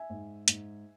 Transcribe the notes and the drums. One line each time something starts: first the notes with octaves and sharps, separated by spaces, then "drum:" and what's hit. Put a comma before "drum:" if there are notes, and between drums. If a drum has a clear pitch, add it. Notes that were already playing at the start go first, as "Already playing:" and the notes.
Already playing: E5 G#5
G#2
G#2, drum: hi-hat